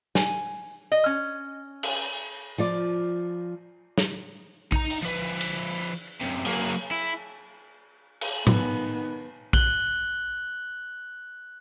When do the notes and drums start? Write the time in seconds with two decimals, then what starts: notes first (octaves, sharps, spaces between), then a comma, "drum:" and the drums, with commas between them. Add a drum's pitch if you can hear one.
0.15 G#5, drum: snare
0.92 D#5
1.06 C#4
1.83 drum: cymbal
2.58 F3 F4 D5, drum: tambourine
3.98 drum: snare
4.72 D#4 A#5, drum: kick A#1
4.90 drum: open hi-hat
5.02 F3 B4
5.41 drum: cymbal
6.21 F#2 C3, drum: hi-hat
6.45 F#3 A#3, drum: cymbal
6.91 E4
8.21 drum: cymbal
8.47 D#3 B3, drum: tom A2
9.53 F#6 F#7 G7, drum: kick A#1